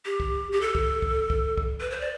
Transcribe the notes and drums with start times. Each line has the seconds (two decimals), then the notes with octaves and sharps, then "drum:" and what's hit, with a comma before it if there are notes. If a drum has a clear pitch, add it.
0.06 G4
0.20 drum: kick
0.52 G4
0.61 A4
0.75 drum: kick
1.02 drum: kick
1.30 drum: kick
1.57 drum: kick
1.81 B4
1.90 C5
2.00 D5